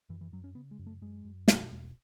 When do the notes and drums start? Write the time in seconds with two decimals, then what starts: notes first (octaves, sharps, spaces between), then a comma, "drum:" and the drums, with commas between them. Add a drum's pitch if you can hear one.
0.09 F#2 E3
0.21 E3
0.32 F#2 F#3
0.44 C#4
0.55 C#3 B3
0.71 G#3
0.79 F#2
0.87 A3
1.01 F#2 G#3
1.25 F#2
1.48 B2, drum: snare
1.71 E2